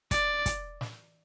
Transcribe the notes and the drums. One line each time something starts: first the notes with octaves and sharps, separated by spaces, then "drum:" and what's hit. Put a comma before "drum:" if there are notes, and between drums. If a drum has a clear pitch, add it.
D5, drum: kick, hi-hat
drum: kick, hi-hat
drum: snare